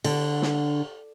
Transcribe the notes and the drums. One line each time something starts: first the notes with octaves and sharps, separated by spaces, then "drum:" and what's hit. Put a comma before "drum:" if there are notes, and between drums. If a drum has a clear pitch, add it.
D3, drum: cymbal
drum: snare